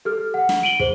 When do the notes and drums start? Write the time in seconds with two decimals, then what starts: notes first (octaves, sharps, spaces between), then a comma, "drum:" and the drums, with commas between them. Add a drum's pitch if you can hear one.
0.05 G4 A4 F6
0.34 F#5
0.49 drum: snare
0.63 D7 D#7 F#7 G7
0.80 G#4 C5, drum: kick